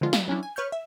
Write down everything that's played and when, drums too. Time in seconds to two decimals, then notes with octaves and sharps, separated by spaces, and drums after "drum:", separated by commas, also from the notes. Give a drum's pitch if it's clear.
0.01 D3 D#3 F3 G#3 F4
0.13 F5, drum: snare
0.28 F#3 C#4 D4 E4
0.43 G#5
0.56 B4 C#5 C#6 F6 G6
0.72 E5